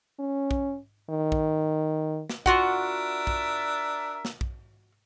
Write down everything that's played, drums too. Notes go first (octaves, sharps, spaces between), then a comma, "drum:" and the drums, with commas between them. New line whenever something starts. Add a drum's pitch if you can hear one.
C#4
drum: kick
D#3
drum: kick
drum: snare
D4 F4 F#4 A#4 E5 F#5, drum: kick
drum: kick
drum: snare
drum: kick